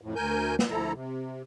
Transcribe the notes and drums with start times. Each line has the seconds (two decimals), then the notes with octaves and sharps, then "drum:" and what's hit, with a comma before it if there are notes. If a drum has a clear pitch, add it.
0.01 F2 A2
0.16 D2 A#4 G#5 G6
0.59 drum: snare
0.70 D2 F3 E4 A4 A#5
0.93 C3